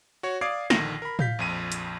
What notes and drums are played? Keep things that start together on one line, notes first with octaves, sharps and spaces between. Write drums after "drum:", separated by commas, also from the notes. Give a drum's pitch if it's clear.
F#4 C#5
D5 F5 D6 D#6 G#6 C7
A#1 D3 D#3 A#6, drum: snare
A#4 B5
F5 G6 B6, drum: tom A2
A#1 F2 D#7
drum: hi-hat